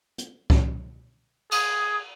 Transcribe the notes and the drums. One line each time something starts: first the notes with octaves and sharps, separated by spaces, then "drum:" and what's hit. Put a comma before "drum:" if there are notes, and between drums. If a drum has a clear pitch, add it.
drum: hi-hat
drum: kick C2
G#4 D#6, drum: cymbal